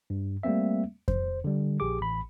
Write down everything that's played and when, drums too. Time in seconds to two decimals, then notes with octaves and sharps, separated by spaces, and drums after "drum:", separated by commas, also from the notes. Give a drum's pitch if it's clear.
0.10 G2
0.43 G3 A3 A#3 C4 E5
1.08 C5, drum: kick F2
1.44 D3 G3
1.80 A#1 G4 G#4 D6
2.01 A1 B5